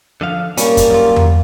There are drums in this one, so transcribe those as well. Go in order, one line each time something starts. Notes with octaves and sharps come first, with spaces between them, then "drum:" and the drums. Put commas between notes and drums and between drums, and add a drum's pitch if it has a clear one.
D3 F3 F5
G3 A#3 C#4 G4, drum: hi-hat
drum: kick, hi-hat
F#2 F4
drum: tom E2